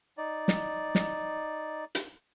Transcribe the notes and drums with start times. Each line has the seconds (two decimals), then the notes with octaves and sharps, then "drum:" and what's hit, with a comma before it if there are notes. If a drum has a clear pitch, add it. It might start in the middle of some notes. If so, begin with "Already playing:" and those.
0.18 D#4 D5
0.48 drum: snare
0.95 drum: snare
1.95 drum: hi-hat